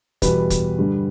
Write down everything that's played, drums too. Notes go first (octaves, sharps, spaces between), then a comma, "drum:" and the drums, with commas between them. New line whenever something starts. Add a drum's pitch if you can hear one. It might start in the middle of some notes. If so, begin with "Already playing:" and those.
E2 B2 G3 B4, drum: kick, hi-hat
drum: kick, hi-hat
G2 D3 G3